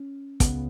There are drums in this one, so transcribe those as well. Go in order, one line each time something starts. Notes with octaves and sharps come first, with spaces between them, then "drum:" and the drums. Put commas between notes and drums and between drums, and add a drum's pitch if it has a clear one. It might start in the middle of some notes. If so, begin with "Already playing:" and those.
Already playing: C#4
C#2 C#3 B3, drum: kick, hi-hat